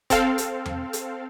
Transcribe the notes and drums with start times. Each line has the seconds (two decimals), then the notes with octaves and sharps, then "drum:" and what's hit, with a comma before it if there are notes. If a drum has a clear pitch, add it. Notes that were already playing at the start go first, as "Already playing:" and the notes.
0.10 C4 A4 F5, drum: kick F1, hi-hat
0.38 drum: hi-hat
0.65 drum: tom E2
0.93 drum: hi-hat